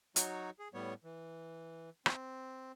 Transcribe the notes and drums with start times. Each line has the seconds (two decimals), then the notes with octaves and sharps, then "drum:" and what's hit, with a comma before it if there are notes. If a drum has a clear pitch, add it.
0.16 F#3 D#4 F#4 C#5, drum: hi-hat
0.59 G#4
0.74 A2 G3 B3 C#5
1.04 E3
2.06 C4, drum: rim click